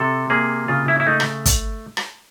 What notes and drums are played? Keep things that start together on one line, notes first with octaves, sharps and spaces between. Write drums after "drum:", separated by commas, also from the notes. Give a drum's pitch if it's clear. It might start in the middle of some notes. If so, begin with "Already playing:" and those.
Already playing: C3 A4
A#3 G#4
C#3 F4
E4
E4
A3 D#4
drum: rim click
drum: kick, hi-hat
drum: rim click